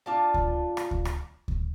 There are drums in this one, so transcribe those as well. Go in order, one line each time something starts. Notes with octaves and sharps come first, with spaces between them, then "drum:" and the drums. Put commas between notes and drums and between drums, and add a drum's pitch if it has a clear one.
D4 F4 A5
drum: kick D2
drum: rim click
drum: kick D2
drum: rim click
drum: kick D2